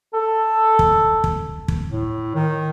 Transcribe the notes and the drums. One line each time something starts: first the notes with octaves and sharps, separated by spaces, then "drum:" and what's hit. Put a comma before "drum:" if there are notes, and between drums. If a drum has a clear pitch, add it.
A4
drum: kick
drum: kick
drum: kick
A2
D#3